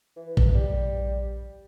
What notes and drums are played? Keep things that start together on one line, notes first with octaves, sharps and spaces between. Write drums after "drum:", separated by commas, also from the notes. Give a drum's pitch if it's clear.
E3
A#1, drum: kick A1
G3